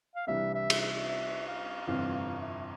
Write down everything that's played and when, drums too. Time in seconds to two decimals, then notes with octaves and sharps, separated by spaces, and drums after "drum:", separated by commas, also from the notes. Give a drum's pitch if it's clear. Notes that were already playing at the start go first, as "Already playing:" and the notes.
0.15 F5
0.27 C2 C3 E3 G3 D4 E5
0.55 E5
0.70 drum: cymbal
0.81 E5
1.08 E5
1.48 F5
1.87 G1 F2 C3 E3 F5
2.14 F5
2.40 E5